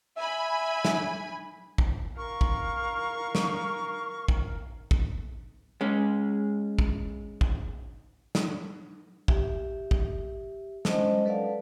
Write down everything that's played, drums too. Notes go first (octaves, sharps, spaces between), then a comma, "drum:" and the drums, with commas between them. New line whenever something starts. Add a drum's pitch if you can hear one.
E5 G#5 B5
drum: snare
drum: kick
A#4 F5 C#6
drum: kick
drum: snare
drum: kick
drum: kick
G#3 C#4
drum: kick
drum: kick
drum: snare
G4 E5, drum: kick
drum: kick
F#3 G#3 C#4 C5 D#5 A5, drum: snare
A4 B4 D5 F5 F#5 A5